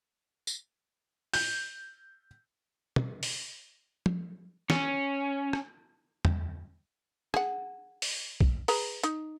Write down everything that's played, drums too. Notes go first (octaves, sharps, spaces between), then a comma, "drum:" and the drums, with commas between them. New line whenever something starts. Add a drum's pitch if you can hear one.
drum: tambourine
G6, drum: open hi-hat
drum: tom
drum: open hi-hat
drum: tom F3
C#4, drum: snare
drum: rim click
drum: tom E2
G#4 F#5, drum: rim click
drum: open hi-hat
drum: kick B1
G#4 B4 A#5, drum: open hi-hat
D#4, drum: hi-hat